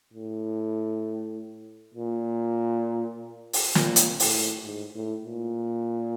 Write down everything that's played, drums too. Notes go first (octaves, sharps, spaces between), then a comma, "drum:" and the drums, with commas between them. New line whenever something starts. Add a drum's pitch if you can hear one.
A2
A#2
drum: open hi-hat
A#2, drum: snare
drum: hi-hat
A2, drum: open hi-hat
G#2
A2
A#2